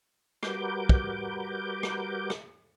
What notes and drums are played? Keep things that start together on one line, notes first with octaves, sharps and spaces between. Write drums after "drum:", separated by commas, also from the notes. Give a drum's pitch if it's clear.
G3 F#4 A#4 B4 D6 G6, drum: rim click
drum: kick
drum: rim click
drum: rim click